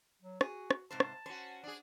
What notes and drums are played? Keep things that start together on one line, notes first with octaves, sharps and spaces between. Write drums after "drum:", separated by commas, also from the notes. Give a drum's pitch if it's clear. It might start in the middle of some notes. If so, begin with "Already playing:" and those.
F#3
F#4 G#4, drum: rim click
drum: rim click
G#2 C3 C5 A5
drum: rim click
C#4 F#4 C5
D4 G#4